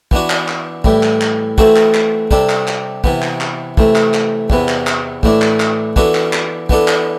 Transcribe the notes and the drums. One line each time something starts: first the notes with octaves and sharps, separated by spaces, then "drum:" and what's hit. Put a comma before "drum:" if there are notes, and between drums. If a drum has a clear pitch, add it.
E3 B3 D4 F#4, drum: kick
drum: clap
drum: clap
A2 E3 G3, drum: kick
drum: clap
drum: clap
E3 A3 C4 F#4 A4, drum: kick
drum: clap
drum: clap
C3 G3 D4 A4, drum: kick
drum: clap
drum: clap
C3 E3 B3, drum: kick
drum: clap
drum: clap
C3 E3 A3, drum: kick
drum: clap
drum: clap
E2 C3 E3 B3, drum: kick
drum: clap
drum: clap
A2 E3 A3 D4, drum: kick
drum: clap
drum: clap
E3 B3 D4 F#4 A4, drum: kick
drum: clap
drum: clap
E3 B3 D4 A4, drum: kick
drum: clap